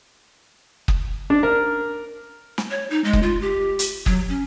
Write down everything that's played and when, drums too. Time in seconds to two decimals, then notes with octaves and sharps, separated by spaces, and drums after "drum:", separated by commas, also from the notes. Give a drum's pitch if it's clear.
0.88 drum: kick
1.30 D4
1.43 A#4
2.58 drum: snare
2.71 C#5
2.90 D#4
3.04 G#3
3.13 drum: kick
3.23 F4
3.42 G4
3.79 drum: hi-hat
4.06 F#3, drum: kick
4.29 C#4